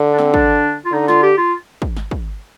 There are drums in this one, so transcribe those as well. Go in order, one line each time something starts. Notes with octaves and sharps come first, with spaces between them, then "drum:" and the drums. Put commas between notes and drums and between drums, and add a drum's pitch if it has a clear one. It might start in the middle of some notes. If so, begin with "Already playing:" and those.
Already playing: D3
D4
C4, drum: snare
D4, drum: kick
F4
D3 D#4
F4, drum: snare
G4
F4
drum: kick
drum: snare
drum: kick